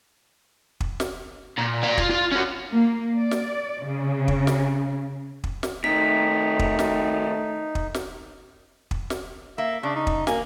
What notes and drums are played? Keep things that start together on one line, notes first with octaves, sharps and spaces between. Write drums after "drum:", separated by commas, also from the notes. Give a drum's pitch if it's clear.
drum: kick
drum: snare
A#2
D5 F5
F4, drum: kick
F4
C#4 F#4
A#3
D5
drum: snare
C#3
drum: kick
drum: snare
drum: kick
drum: snare
C3 D#3 A3 D#4 B6
drum: kick
drum: snare
drum: kick
drum: snare
drum: kick
drum: snare
A#3 E5
C#3 D4
D#4
drum: kick
A#3 G#5, drum: snare